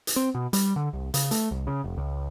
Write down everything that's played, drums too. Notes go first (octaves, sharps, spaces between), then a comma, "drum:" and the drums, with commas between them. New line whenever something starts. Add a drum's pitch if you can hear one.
drum: hi-hat
C4
B2
G3, drum: hi-hat
D3
C2
C#3, drum: hi-hat
A3, drum: hi-hat
C2
C#3
F1
C#2